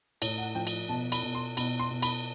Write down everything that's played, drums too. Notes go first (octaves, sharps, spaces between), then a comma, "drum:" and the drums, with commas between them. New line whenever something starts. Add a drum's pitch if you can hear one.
A2 C#5, drum: cymbal
F#5
F3 G5
drum: cymbal
B2 A5
B5, drum: cymbal
B2
C6
B2 B5, drum: cymbal
C6
B2
B5, drum: cymbal